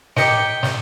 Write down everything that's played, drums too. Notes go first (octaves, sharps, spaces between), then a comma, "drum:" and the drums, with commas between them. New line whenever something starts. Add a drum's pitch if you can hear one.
G4 A#4 D#5 G5 D6 C#7, drum: snare
drum: snare